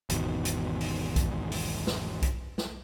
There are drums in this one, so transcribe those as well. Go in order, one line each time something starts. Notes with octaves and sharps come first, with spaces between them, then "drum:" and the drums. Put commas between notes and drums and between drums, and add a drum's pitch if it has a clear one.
G#1 E2 B2 D#3, drum: hi-hat
drum: hi-hat
drum: open hi-hat
drum: kick B1, hi-hat
drum: open hi-hat
drum: snare
drum: kick B1, hi-hat
drum: snare